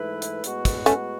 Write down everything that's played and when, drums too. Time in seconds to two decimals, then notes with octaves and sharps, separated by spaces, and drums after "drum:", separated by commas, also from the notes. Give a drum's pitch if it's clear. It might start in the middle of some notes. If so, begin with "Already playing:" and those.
Already playing: G#2 E3 A3 E4 B4
0.22 drum: hi-hat
0.44 A2 G#3 B3 F#4, drum: hi-hat
0.65 drum: kick, hi-hat
0.86 A3 C#4, drum: hi-hat